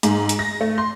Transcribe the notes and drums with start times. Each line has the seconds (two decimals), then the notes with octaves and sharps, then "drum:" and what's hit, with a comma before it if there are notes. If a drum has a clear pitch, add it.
0.03 G#2, drum: hi-hat
0.29 drum: hi-hat
0.39 A#6
0.61 A3
0.78 C6